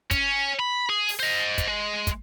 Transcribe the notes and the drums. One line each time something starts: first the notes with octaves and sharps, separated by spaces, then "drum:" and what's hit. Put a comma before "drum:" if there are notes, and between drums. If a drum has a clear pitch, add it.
C#4, drum: kick, hi-hat
B5
G#4
drum: open hi-hat
C5 D#5
drum: kick, hi-hat
G#3
drum: kick, hi-hat